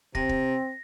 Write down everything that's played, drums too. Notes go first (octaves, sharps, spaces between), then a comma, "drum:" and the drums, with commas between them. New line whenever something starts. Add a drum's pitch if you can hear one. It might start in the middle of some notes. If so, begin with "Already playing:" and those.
C3 C4 A#6, drum: kick
drum: kick